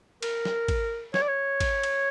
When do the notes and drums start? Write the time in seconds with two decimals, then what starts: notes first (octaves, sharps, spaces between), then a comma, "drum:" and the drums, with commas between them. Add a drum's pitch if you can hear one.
0.23 A#4, drum: cymbal
0.45 drum: snare
0.68 drum: kick, cymbal
1.14 C#5, drum: snare
1.22 D5
1.29 C#5
1.60 drum: kick, cymbal
1.83 drum: cymbal